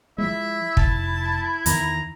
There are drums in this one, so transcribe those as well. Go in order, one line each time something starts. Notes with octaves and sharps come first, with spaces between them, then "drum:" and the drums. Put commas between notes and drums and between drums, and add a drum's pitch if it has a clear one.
F3 G#3 E4 E5
F1 A5, drum: kick
E2 D#3 E3 A#5, drum: hi-hat